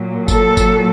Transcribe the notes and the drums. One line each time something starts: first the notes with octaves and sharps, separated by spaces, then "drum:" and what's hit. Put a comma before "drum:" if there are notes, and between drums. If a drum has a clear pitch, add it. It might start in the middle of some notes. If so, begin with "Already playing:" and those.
Already playing: A#2 F#3
A4, drum: kick G1, tambourine
drum: kick G1, tambourine